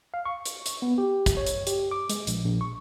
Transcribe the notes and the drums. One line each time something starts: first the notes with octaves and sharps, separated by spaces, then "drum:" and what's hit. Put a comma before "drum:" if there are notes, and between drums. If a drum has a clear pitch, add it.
F5
C#6
drum: hi-hat
drum: hi-hat
B3
G4
drum: kick, hi-hat
C#5
drum: hi-hat
G4, drum: hi-hat
D6
G#3, drum: hi-hat
A#1, drum: hi-hat
A#1
C#6